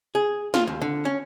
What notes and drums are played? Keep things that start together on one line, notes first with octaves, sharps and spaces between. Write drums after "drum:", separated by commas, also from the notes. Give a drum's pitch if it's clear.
G#4
F4, drum: snare
D#2
D3
C#4